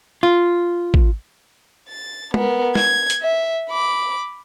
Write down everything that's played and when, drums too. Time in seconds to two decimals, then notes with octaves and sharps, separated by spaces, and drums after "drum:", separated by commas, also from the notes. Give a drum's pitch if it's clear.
0.23 F4
0.94 drum: kick
1.89 A6
2.34 B3 A#4, drum: tom G#3
2.75 G#6, drum: snare
3.10 drum: hi-hat
3.22 E5
3.70 B5 D6